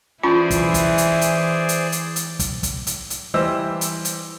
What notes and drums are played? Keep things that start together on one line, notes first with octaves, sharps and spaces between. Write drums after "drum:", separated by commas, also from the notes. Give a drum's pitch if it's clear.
E3 C#4 F4 G#4 C5 D5 B5
drum: kick, hi-hat
drum: kick, hi-hat
drum: hi-hat
drum: hi-hat
drum: hi-hat
drum: hi-hat
drum: hi-hat
drum: kick, hi-hat
drum: kick, hi-hat
drum: hi-hat
drum: hi-hat
E3 G3 G4 C5 D#5 E6
drum: hi-hat
drum: hi-hat